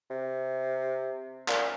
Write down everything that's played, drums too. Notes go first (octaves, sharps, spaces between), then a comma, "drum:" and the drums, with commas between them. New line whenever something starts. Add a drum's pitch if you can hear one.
C3
A#2, drum: clap